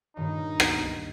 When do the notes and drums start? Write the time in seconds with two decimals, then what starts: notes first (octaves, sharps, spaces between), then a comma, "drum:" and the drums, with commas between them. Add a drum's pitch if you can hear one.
0.17 G2 A#2 D#3 D#4
0.60 drum: rim click